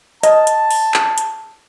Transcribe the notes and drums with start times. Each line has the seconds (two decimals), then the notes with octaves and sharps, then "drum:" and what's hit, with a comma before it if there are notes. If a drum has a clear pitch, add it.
0.23 D#5 A5, drum: hi-hat
0.47 drum: hi-hat
0.71 drum: open hi-hat
0.94 drum: clap
1.18 drum: hi-hat